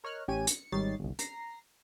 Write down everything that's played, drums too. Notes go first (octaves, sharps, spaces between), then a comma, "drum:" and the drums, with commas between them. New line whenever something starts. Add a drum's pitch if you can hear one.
A#4 C#5 D#5 F6 F#6
A1 C#4 G4 C#5 G#5 D#7
C#7, drum: hi-hat
G#1 G3 D#4 C#5 A6 C7
G1 C2
A#5 A#6 C7, drum: hi-hat